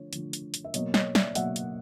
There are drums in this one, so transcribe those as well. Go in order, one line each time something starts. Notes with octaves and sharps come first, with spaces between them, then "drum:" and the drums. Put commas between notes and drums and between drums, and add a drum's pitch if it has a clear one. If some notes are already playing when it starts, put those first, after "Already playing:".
Already playing: D3 F3 A3 C#5
D3 F3 A3, drum: hi-hat
drum: hi-hat
drum: hi-hat
E5
B2 F#3 A#3 C#5 D#5, drum: hi-hat
C#5 D#5, drum: snare
D5 E5, drum: snare
B2 F#3 A#3 E5 F#5, drum: hi-hat
drum: hi-hat